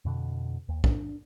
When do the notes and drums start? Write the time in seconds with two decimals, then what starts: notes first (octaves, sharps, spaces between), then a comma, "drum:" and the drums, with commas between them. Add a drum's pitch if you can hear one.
0.05 F2 B2 D3
0.69 D#2
0.84 D4, drum: kick